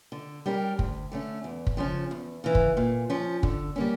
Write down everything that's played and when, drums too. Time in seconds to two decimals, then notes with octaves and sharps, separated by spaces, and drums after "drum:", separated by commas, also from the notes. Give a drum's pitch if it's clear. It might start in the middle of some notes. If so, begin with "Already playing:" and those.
0.12 D3
0.46 G3 C#4 G4 A#4
0.79 D2, drum: kick
1.12 D3 A3 C#4
1.44 E2
1.67 drum: kick
1.77 C#3 F3 C#4
2.11 E2
2.44 C#3 E3
2.55 drum: kick
2.77 A#2
3.10 F3 C#4
3.43 D3, drum: kick
3.76 G3 A#3 C#4